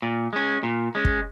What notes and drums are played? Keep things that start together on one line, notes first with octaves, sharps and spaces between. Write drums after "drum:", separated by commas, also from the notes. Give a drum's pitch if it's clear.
A#2
G#3 C#4
A#2
G#3 C#4
drum: kick